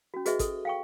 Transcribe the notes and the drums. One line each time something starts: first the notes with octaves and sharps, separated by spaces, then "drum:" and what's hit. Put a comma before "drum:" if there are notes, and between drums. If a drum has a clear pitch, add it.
C#4 F#4
F#4 G#4 B4 D#5 E5, drum: hi-hat
A4, drum: kick G#1, hi-hat
F5 G5 C#6